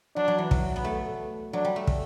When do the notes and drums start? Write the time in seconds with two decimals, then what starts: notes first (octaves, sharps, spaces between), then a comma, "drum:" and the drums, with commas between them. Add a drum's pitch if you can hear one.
0.16 F#3 D4
0.28 F#3
0.38 E3
0.51 F#3, drum: kick
0.76 B3
0.84 A3
1.53 F#3 D4
1.65 G3
1.76 A3
1.87 drum: kick